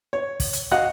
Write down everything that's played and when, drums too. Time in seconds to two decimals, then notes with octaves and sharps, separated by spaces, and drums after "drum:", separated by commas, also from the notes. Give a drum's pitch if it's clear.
0.13 C#5
0.40 drum: kick, open hi-hat
0.53 drum: hi-hat
0.71 F#4 D#5 F5 F#5 F#6